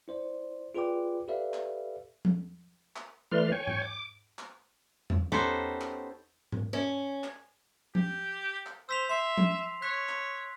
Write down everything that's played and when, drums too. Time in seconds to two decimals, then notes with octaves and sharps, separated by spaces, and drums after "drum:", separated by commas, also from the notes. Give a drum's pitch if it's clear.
0.08 E4 C5 D5
0.75 F4 G#4 B4 D5 G5 D6
1.28 G4 A4 B4 D5 E5 F5
1.53 drum: clap
2.25 drum: tom F3
2.96 drum: clap
3.31 E3 A3 B4 D5 C6 F6
3.52 C#5 G5 G#5 C#6
3.67 drum: tom G#2
3.82 D6
4.39 drum: clap
5.10 drum: tom E2
5.32 B3 C#4 D#4 G4 A4 C5
5.81 drum: clap
6.52 drum: tom G#2
6.73 C#4
7.24 drum: clap
7.95 G4, drum: tom F3
8.66 drum: clap
8.89 C5 E6 B6 F7
9.09 E5 C6 C7
9.38 drum: tom F3
9.82 C#5 F#6 B6
10.09 drum: clap